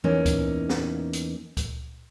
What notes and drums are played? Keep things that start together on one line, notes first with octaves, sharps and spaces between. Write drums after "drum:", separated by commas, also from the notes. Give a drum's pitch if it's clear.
E2 E3 A#3 C#4 D#4
drum: kick C#2, hi-hat
drum: snare
drum: hi-hat
drum: kick C#2, hi-hat